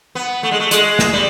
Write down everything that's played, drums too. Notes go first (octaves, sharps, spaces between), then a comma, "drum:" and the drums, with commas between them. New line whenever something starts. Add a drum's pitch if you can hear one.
B3
A3
G#3
A3
G#3, drum: hi-hat
drum: snare
G3